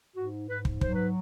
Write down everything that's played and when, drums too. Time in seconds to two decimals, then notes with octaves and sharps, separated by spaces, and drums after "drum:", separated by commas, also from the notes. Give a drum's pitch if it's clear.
0.16 G#2 F#4
0.49 G#2 B4
0.65 drum: kick
0.81 F#3 C5, drum: kick
0.95 B4